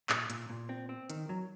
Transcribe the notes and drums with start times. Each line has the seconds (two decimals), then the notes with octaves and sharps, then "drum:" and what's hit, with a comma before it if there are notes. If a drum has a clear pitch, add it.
0.09 A#2, drum: clap
0.30 A#2, drum: hi-hat
0.50 A#2
0.69 C4
0.89 C4
1.10 D#3, drum: hi-hat
1.29 F#3